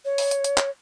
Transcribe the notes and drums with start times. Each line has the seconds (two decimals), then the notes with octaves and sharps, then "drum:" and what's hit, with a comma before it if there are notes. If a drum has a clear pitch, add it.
0.05 C#5
0.18 drum: open hi-hat
0.31 drum: hi-hat
0.44 drum: hi-hat
0.58 drum: clap